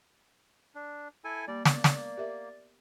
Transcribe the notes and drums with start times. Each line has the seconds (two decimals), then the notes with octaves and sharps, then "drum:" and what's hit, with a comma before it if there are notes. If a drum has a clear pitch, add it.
0.75 D4
1.24 E4 A4 G#5
1.48 G3 A#3 D5
1.65 A#3 B3 D5, drum: snare
1.84 drum: snare
2.17 G4 A#4 E5